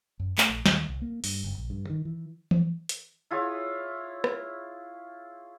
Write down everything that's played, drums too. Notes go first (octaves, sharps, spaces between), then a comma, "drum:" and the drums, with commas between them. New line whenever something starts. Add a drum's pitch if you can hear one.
F#2
A3, drum: clap
A#1
D#2, drum: snare
C2
A#3
G2, drum: open hi-hat
F#1
A#1
G2
D#3
E3
drum: tom E3
drum: hi-hat
E4 F4 G#4 C#5
drum: rim click